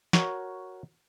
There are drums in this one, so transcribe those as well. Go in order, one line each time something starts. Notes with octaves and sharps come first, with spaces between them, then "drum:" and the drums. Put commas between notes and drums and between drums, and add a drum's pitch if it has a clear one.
F#4 A#4 C#5, drum: snare